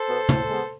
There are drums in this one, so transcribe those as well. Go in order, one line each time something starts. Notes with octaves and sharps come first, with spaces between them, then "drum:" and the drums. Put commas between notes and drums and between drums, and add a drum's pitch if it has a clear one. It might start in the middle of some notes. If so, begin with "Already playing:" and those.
Already playing: A4 C5
B2 B3
A2, drum: tom
G#3 B3